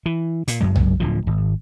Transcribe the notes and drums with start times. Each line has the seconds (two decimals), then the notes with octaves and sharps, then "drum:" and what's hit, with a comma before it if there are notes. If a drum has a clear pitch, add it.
0.06 E3
0.48 A#2, drum: hi-hat
0.61 F#1 F#2 F#3 G#3
0.76 drum: tom
1.00 D1 D3 F3
1.27 G#1